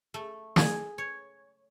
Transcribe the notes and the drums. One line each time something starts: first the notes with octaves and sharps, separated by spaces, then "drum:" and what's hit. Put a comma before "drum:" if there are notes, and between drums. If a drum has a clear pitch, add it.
A3
G#4, drum: snare
C#5